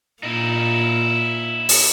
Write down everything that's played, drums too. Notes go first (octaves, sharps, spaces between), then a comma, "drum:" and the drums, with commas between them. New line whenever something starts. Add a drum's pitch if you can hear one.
A#2 D#4 E4
drum: open hi-hat